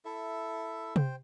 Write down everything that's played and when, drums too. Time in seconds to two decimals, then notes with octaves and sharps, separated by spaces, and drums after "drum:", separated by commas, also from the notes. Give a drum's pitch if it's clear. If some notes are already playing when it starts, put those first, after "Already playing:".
0.05 E4 A4 E5
0.96 C5 G5, drum: tom C3